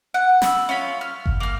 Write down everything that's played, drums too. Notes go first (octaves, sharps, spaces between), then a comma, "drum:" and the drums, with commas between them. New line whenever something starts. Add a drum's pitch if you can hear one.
F#5
B5 E6, drum: snare
C#4 F4 B5
F6
drum: kick G1
A#3 F6